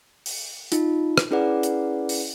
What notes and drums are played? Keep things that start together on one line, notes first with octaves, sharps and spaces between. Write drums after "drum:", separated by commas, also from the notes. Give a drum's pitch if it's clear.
drum: open hi-hat
D#4 F4, drum: hi-hat
drum: rim click
C#4 E4 G#4 B4 D5 F#5
drum: hi-hat
drum: open hi-hat